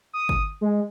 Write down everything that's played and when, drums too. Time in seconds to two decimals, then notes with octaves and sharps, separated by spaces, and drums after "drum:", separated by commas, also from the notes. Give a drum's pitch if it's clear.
0.13 D#6
0.29 drum: kick G1
0.61 G#3